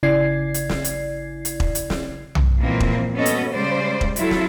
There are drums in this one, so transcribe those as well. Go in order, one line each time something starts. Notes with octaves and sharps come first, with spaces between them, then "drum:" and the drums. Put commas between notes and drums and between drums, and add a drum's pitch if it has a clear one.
G#1 C#3 E4 D5 G#6 C7
drum: hi-hat
drum: snare
drum: hi-hat
drum: hi-hat
drum: kick E1
drum: hi-hat
drum: snare
drum: tom B1
A#2 E3 F3 G#3 A#3 C4
drum: kick E1
G3 B3 C#4 F#4 A4 D#5
drum: hi-hat
C#3 G3 G#3 C5 D5
drum: kick E1
F#3 E4 F4 A4, drum: hi-hat
drum: snare